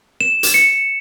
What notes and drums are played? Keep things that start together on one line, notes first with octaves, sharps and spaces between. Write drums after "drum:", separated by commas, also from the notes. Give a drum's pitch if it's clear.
E7
drum: hi-hat
C#7